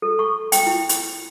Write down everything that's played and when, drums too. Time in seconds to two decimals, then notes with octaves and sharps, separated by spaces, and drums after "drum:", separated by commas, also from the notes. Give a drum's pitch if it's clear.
0.02 A4
0.19 C#6
0.52 G5, drum: hi-hat
0.67 E4
0.89 drum: hi-hat